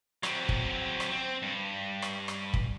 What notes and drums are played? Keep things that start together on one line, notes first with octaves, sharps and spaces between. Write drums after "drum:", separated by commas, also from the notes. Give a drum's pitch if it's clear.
F#3 C4, drum: rim click
drum: kick
drum: rim click
C4
G2
drum: rim click
drum: rim click
drum: kick